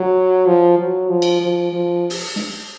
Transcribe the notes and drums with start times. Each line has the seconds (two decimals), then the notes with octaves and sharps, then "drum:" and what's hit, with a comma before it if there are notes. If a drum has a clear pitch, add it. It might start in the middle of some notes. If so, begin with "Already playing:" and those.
Already playing: F#3
0.47 F3
0.78 F#3
1.09 F3
1.22 drum: cymbal
1.41 F3
1.73 F3
2.10 drum: open hi-hat
2.36 drum: snare